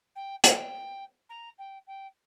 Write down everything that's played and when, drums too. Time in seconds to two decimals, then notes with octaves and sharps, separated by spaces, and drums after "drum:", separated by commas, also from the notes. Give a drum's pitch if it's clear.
0.15 G5
0.44 G5, drum: hi-hat
1.29 A#5
1.58 G5
1.87 G5